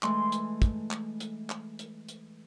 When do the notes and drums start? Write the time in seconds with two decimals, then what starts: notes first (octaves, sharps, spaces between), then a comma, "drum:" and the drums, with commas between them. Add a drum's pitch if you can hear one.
0.03 E3 G#3 A3 C6, drum: clap
0.32 drum: hi-hat
0.62 drum: kick, hi-hat
0.91 drum: clap
1.20 drum: hi-hat
1.50 drum: clap
1.79 drum: hi-hat
2.09 drum: hi-hat